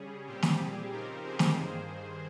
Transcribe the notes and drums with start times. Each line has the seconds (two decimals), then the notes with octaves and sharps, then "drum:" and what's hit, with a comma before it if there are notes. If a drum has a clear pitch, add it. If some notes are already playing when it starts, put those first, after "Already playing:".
Already playing: C#3 G3 C#4 G#4
0.26 A#2 G3 C4 G4
0.43 drum: snare
0.59 G#4
0.91 C#3 F3 C4 D#4 G4 A#4
1.23 G#4 C5
1.39 drum: snare
1.55 G2 D#3 A#3